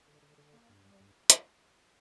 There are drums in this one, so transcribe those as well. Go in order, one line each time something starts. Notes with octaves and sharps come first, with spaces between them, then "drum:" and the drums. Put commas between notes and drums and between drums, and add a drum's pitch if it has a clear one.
D3
D3
D3
A#3
G2
G3
G2
drum: hi-hat